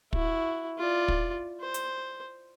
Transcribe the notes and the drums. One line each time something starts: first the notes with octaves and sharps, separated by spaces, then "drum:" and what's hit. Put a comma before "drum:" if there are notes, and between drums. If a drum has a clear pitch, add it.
E4 F#4, drum: kick
F4 D5
drum: kick
C5
drum: hi-hat